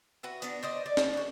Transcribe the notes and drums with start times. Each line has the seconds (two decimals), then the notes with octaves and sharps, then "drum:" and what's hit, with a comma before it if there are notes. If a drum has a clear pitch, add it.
0.23 F#4 B4 E5
0.42 B3 D4, drum: tambourine
0.63 C5 D5 D#5
0.86 D5
0.97 drum: snare
1.13 F#4 B4